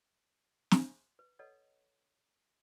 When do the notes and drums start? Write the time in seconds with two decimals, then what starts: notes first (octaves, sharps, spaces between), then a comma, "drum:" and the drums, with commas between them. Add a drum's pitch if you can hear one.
0.71 drum: snare
1.19 B4
1.39 A4 B4 C#5 D#5 F#5